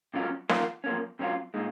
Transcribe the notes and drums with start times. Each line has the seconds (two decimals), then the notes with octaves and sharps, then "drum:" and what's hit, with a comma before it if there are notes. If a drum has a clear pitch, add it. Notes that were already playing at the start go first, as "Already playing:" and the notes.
0.14 C3 F#3 C#4 F4
0.49 D#3 A#3 F4, drum: snare
0.84 F#2 F3 A#3 C#4
1.19 C3 F#3 C#4 F4
1.54 A#2 G#3 D#4